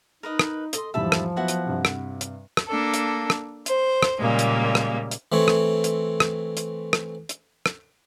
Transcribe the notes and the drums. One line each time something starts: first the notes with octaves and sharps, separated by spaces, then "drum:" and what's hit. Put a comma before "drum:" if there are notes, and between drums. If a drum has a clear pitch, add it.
D#4 A#4 B4 D#5
drum: rim click
A4 D#5 C6, drum: hi-hat
E2 G#2 F3 G3 E5 A5 B5
drum: rim click
F#3 B3 E4 F#4 F#5
drum: hi-hat
G2 C3
drum: rim click
drum: hi-hat
drum: rim click
A#3 D4 A4
drum: hi-hat
drum: rim click
C5, drum: hi-hat
drum: rim click
A#2 C#3 G3 G#3 A#3
drum: hi-hat
drum: rim click
drum: hi-hat
E3 A3 C4 C#5
drum: rim click
drum: hi-hat
drum: rim click
drum: hi-hat
drum: rim click
drum: hi-hat
drum: rim click